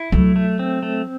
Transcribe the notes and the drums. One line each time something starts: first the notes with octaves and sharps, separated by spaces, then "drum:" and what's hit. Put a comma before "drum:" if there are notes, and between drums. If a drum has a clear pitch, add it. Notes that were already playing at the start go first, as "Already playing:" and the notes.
Already playing: E4
F#3 A3, drum: kick C#2
A3
C4
A3